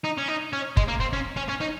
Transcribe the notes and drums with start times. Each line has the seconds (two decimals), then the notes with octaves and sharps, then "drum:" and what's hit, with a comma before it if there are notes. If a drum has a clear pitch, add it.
0.05 D#4
0.18 C#4
0.28 D#4
0.53 C#4
0.77 G#3, drum: kick
0.88 A#3
1.00 C4
1.13 C#4
1.37 C#4
1.49 C#4
1.61 D#4